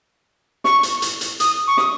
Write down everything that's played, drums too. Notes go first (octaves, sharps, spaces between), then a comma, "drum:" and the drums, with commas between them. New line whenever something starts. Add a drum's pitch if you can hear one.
C#6, drum: snare
drum: hi-hat
drum: hi-hat
drum: hi-hat
D#6, drum: hi-hat
C#6
D#6, drum: snare